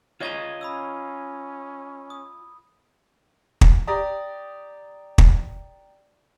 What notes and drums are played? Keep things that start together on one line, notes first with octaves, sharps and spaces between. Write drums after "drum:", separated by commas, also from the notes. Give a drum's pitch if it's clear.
F4 C#5 D#5 A#5 G#6 D#7
C#4 B5 D#6 E6
D#6
drum: kick
G4 D5 A#5 D#6
drum: kick